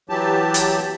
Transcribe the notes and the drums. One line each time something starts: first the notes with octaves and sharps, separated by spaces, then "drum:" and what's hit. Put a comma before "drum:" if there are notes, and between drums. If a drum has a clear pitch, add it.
E3 F#3 G4 A5
drum: hi-hat